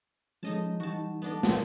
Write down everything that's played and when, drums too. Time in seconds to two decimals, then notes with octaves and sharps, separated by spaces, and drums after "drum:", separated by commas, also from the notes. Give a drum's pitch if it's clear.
0.43 F3 G#3 C#4 D#4 D#5 A5
0.80 E3 G3 D#4 F#4 A5
1.22 B3 D4 D#5
1.43 A#2, drum: snare